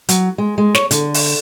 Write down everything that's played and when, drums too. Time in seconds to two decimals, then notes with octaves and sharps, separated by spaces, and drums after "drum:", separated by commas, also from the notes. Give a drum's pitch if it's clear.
0.09 F#3, drum: hi-hat
0.38 G#3
0.58 G#3
0.75 C#5, drum: snare
0.91 D3, drum: hi-hat
1.14 drum: open hi-hat